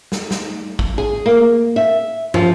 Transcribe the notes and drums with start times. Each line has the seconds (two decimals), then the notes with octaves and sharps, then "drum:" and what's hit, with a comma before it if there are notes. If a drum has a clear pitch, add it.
0.12 drum: snare
0.31 drum: snare
0.79 drum: kick
0.98 G#4
1.26 A#3
1.76 E5
2.34 F3, drum: tom